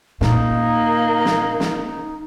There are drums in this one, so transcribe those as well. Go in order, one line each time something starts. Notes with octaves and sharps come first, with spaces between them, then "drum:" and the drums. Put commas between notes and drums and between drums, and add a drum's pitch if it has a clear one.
A#2 A#3 D#4, drum: snare
drum: snare
drum: snare